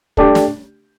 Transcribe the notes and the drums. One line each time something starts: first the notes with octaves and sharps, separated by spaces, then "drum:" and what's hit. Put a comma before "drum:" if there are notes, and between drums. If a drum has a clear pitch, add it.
A3 D4 G4, drum: kick
drum: snare